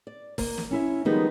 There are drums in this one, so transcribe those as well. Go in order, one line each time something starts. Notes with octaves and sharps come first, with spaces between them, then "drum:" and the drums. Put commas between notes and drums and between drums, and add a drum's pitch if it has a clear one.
D5
A#3, drum: kick, open hi-hat
drum: snare
C#4 E4 E5
D#3 F3 G3 G#3 B3 D#4